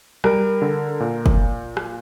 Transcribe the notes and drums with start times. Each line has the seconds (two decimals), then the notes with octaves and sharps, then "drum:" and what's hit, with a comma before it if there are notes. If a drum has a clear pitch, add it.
0.24 G3 A#4, drum: rim click
0.62 D3
1.00 A#2
1.26 drum: kick
1.77 drum: rim click